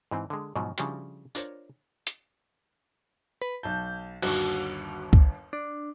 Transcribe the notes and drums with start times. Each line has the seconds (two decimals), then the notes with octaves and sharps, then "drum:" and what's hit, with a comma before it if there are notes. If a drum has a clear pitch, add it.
0.11 G#2 E3 C4
0.30 D3 G#3
0.56 G#2 B2 F3 F#3
0.78 C#3 F3 G3 D4 E4 F#4, drum: hi-hat
1.35 D4 F4 A#4 C5 C#5, drum: tambourine
2.07 drum: hi-hat
3.42 B4
3.63 B1 A5 G6
4.22 G1 D#2 F#4, drum: cymbal
5.13 drum: kick
5.53 D4